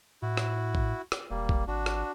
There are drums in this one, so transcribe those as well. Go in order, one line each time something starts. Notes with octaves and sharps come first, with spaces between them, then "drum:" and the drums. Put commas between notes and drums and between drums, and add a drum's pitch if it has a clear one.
A2 E4 F#4
drum: rim click
drum: kick A1
drum: rim click
E1 G3 A#3
drum: kick A1
G#1 D4 F#4
drum: rim click